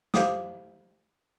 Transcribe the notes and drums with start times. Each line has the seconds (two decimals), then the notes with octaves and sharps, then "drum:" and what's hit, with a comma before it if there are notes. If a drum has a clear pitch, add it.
0.14 G4 C5 F5 D6 D#6, drum: snare